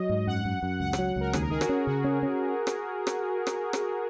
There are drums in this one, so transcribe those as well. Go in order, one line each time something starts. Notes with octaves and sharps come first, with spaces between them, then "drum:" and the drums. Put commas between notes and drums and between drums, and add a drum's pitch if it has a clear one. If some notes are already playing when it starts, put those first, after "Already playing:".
Already playing: F#3 D#5
G#2
F#2 F#5
F#2
F#2
C#2 F#5
F#5, drum: rim click
F#3
C#2 A#4
D#2 G#4, drum: rim click
A#4
D#3 G#4
F#4, drum: rim click
C#4
C#3 F#4
C#4
C#4
drum: rim click
drum: rim click
drum: rim click
drum: rim click